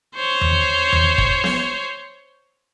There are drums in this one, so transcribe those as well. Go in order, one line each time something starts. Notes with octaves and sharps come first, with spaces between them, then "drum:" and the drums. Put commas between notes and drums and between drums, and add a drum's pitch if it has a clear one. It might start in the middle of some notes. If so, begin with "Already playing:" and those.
C5 C#5
drum: tom E2
drum: tom E2
drum: kick
drum: snare B3